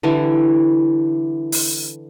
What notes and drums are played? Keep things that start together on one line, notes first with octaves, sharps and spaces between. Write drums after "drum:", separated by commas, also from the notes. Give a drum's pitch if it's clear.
D3 E3 G3 E4
drum: open hi-hat